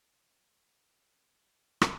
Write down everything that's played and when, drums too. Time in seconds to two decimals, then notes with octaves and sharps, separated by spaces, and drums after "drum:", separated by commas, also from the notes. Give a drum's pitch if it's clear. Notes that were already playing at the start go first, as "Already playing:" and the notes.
Already playing: A2
1.81 drum: rim click